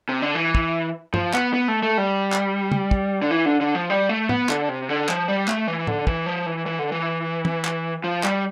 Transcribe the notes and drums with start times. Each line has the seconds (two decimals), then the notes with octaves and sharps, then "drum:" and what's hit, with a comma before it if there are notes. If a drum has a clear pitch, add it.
0.09 C3
0.22 D3
0.35 E3
0.55 drum: kick
1.14 F3, drum: tom G2
1.33 B3, drum: clap
1.54 B3
1.68 A3
1.83 A3
1.98 G3
2.32 drum: clap
2.72 drum: tom
2.91 drum: kick
3.22 D3
3.31 E3
3.45 D3
3.61 D3
3.75 F3
3.90 G3
4.09 A3
4.29 B3, drum: tom A2
4.49 D3, drum: clap
4.69 C3
4.89 D3
5.08 F3, drum: clap
5.28 G3
5.48 A3, drum: clap
5.68 E3
5.87 D3, drum: tom A2
6.07 E3, drum: kick
6.26 F3
6.46 E3
6.66 E3
6.79 D3
6.92 E3
7.45 drum: tom
7.65 drum: clap
8.04 F3
8.23 G3, drum: clap